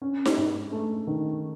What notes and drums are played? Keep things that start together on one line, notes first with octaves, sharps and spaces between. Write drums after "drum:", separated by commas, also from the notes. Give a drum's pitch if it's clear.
C#4
drum: snare D#4
G#2
A3
D#3